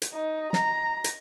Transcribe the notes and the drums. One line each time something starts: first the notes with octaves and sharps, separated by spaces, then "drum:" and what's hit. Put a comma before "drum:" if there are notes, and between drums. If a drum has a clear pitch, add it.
drum: hi-hat
D#4
A#5, drum: snare
drum: hi-hat